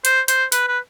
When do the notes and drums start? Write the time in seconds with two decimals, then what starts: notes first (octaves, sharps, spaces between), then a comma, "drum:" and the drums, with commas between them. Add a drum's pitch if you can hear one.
0.05 C5, drum: hi-hat
0.28 C5, drum: hi-hat
0.52 B4, drum: hi-hat
0.68 B4